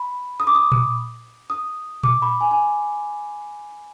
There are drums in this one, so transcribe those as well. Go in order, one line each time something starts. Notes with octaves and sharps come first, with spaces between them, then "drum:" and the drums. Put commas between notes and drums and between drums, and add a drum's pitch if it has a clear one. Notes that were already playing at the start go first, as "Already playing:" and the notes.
Already playing: B5
D#6
D6
D#6
drum: tom A#2
D#6
D6, drum: tom A#2
B5
G#5
G#5